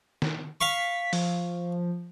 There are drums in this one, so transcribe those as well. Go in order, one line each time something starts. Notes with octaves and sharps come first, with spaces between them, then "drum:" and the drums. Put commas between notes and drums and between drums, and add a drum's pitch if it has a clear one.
drum: snare
F5 C#6 B6
F3, drum: open hi-hat